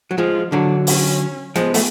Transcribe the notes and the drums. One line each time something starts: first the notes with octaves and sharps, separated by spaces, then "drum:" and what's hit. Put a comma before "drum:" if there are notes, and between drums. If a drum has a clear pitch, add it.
F#3
F3 G#3 F4
D3 F#3 D4
C#4, drum: open hi-hat
F3 G#3 B3, drum: hi-hat
A3, drum: open hi-hat